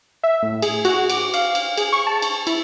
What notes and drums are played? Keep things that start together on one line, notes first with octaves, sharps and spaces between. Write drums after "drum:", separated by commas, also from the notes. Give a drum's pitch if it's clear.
E5
A2
G#4, drum: cymbal
F#4, drum: cymbal
D6, drum: cymbal
F5, drum: cymbal
drum: cymbal
G#4, drum: cymbal
C#6
A5
drum: cymbal
E4, drum: cymbal